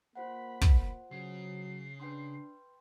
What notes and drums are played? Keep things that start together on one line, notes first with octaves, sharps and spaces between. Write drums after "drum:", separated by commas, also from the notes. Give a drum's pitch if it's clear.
A#3 F4 C5 F#5 B5
drum: kick
C#3 F#3 C7
D4 B4 G5 C6